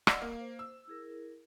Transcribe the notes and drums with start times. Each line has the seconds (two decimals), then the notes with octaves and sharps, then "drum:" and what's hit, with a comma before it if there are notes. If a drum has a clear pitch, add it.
0.07 D5 D#5 F#5 E6 F6, drum: rim click
0.22 A#3 F5
0.40 C5
0.59 E6
0.88 E4 G#4 A#4